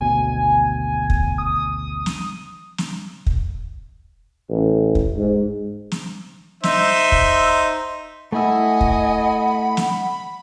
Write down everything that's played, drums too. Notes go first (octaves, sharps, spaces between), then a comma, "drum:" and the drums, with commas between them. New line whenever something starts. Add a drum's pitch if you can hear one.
G#1 D2 B2 G#5
drum: kick
D#6
drum: snare
drum: snare
drum: kick
A1
drum: kick
G#2
drum: snare
D#4 C5 E5, drum: snare
drum: kick
A3 E4 D#5 F#5 G#5 B5 E6
drum: kick
drum: snare